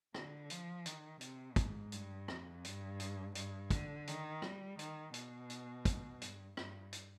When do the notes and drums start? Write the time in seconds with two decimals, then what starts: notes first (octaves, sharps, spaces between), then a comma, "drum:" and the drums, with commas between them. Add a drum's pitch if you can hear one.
0.15 D3, drum: rim click
0.50 F3, drum: hi-hat
0.86 D#3, drum: hi-hat
1.21 C3, drum: hi-hat
1.56 G#2, drum: kick, hi-hat
1.92 G2, drum: hi-hat
2.28 F2, drum: rim click
2.65 G2, drum: hi-hat
3.00 drum: hi-hat
3.35 G2, drum: hi-hat
3.71 D3, drum: kick, hi-hat
4.07 D#3, drum: hi-hat
4.42 G3, drum: rim click
4.79 D#3, drum: hi-hat
5.14 B2, drum: hi-hat
5.50 drum: hi-hat
5.85 drum: kick, hi-hat
6.22 G2, drum: hi-hat
6.57 G2, drum: rim click
6.93 drum: hi-hat